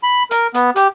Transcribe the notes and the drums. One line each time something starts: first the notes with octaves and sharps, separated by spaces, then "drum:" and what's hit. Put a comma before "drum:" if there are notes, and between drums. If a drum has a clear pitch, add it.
B5
A#4, drum: hi-hat
B3, drum: hi-hat
G4, drum: hi-hat